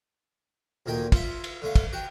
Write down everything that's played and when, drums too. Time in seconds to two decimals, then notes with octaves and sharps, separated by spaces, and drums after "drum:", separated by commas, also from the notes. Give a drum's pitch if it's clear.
0.86 D2 A#2 D#3 G5 G#5
1.12 F4 E5, drum: kick, cymbal
1.44 drum: cymbal
1.62 D3 A3 F5
1.75 drum: kick, cymbal
1.93 F#4 G5